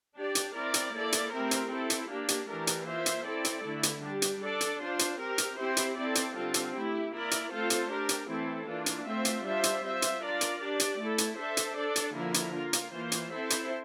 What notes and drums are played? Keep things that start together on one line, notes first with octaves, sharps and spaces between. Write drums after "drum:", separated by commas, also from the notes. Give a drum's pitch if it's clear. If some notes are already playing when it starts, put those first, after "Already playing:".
D4 G4 D5
drum: hi-hat
C4 E4 A#4 D5
drum: hi-hat
A#3 E4 A4 D5
drum: hi-hat
A3 C4 E4 G4 A#4
drum: hi-hat
C4 E4 A4
drum: hi-hat
A#3 D4 G4
drum: hi-hat
E3 A3 D4 G4 A#4
drum: hi-hat
A#3 F4 C5 E5
drum: hi-hat
C4 E4 A4 D5
drum: hi-hat
D3 A3 E4
drum: hi-hat
G3 D4 G4
drum: hi-hat
D4 A4 D5
drum: hi-hat
D4 F4 C5
drum: hi-hat
C4 G4 A#4
drum: hi-hat
C4 E4 G4 C5
drum: hi-hat
C4 E4 A4 D5
drum: hi-hat
D3 G3 C4 F4 A4
drum: hi-hat
A3 E4 G4
A#3 E4 A#4 D5
drum: hi-hat
A3 C4 F4 A4 C5
drum: hi-hat
D4 G4 A#4
drum: hi-hat
E3 A3 C4 E4 A4
E3 A#3 D4 F4
drum: hi-hat
A3 C4 F4 C5 E5
drum: hi-hat
G3 D4 F4 C5 E5
drum: hi-hat
C4 F4 C5 E5
drum: hi-hat
D4 F4 A#4 D5
drum: hi-hat
D4 G4 D5
drum: hi-hat
A3 E4 A4
drum: hi-hat
D4 A4 C5 E5
drum: hi-hat
D4 A4 D5
drum: hi-hat
D3 F3 A#3 E4 A#4
drum: hi-hat
A#3 F4 A#4
drum: hi-hat
E3 A#3 F4 C5
drum: hi-hat
C4 E4 A4 C5 E5
drum: hi-hat